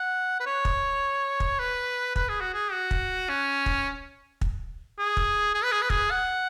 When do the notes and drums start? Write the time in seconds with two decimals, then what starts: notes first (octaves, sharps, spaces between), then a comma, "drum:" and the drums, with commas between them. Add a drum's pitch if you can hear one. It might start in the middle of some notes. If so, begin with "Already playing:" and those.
Already playing: F#5
0.40 B4
0.46 C#5
0.65 drum: kick
1.40 drum: kick
1.59 B4
2.16 B4, drum: kick
2.29 G#4
2.41 F#4
2.54 G#4
2.72 F#4
2.91 drum: kick
3.29 C#4
3.66 drum: kick
4.41 drum: kick
4.98 G#4
5.17 drum: kick
5.54 G#4
5.63 B4
5.72 G#4
5.82 B4
5.90 G#4, drum: kick
6.11 F#5